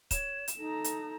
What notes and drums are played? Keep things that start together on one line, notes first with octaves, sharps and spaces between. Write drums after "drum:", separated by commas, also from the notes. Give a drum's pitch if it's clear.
C#5 E7, drum: kick, hi-hat
drum: hi-hat
D#4 A4 A#5
drum: hi-hat